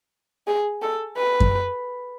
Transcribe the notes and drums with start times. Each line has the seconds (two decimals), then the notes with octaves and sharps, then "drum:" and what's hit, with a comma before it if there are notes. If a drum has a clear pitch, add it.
0.47 G#4
0.82 A4
1.17 B4
1.40 drum: kick F#2